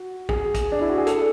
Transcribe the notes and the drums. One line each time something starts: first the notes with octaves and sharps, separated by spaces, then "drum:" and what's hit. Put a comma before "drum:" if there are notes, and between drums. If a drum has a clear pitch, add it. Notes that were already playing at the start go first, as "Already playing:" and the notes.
Already playing: F#4
G#4, drum: kick
drum: kick, hi-hat
D4
E4
F#4
G#4
A4, drum: hi-hat